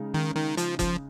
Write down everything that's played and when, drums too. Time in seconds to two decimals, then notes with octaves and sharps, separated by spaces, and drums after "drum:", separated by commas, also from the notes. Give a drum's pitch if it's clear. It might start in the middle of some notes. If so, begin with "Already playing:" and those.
Already playing: C#3 G#3 D#4
0.14 D#3
0.35 D#3
0.57 F3, drum: hi-hat
0.79 F3, drum: kick F1, hi-hat